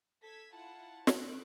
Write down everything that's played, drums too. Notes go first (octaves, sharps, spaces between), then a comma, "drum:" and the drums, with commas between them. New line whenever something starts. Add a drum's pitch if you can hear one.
A4 E6 G#6 B6
E4 F4 F#5 A5
D6 F#6, drum: snare